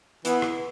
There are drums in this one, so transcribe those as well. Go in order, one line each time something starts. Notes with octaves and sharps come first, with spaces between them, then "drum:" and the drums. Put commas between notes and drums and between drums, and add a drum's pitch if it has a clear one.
E3 B3, drum: hi-hat
drum: rim click